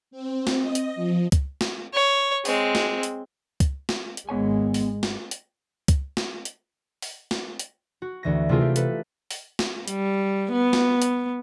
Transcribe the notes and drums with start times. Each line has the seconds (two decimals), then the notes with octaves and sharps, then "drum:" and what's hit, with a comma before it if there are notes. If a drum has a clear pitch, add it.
0.11 C4
0.47 drum: snare
0.58 D#5
0.75 drum: hi-hat
0.96 F3
1.32 drum: kick C#2, hi-hat
1.61 drum: snare
1.94 C#5
2.45 G#3 C4, drum: open hi-hat
2.75 drum: snare
3.03 drum: hi-hat
3.60 drum: kick C#2, hi-hat
3.89 drum: snare
4.17 drum: hi-hat
4.29 G#1 G#3 B3 C#5 G#5
4.74 drum: open hi-hat
5.03 drum: snare
5.31 drum: hi-hat
5.88 drum: kick C#2, hi-hat
6.17 drum: snare
6.45 drum: hi-hat
7.02 drum: open hi-hat
7.31 drum: snare
7.59 drum: hi-hat
8.02 F#4
8.23 D2 E3 A#6
8.49 C3 A3 E4 F4 G#4 A#4
8.61 G4
8.76 A4 B4, drum: hi-hat
9.31 drum: open hi-hat
9.59 drum: snare
9.88 G3, drum: hi-hat
10.52 B3
10.73 drum: snare
11.02 drum: hi-hat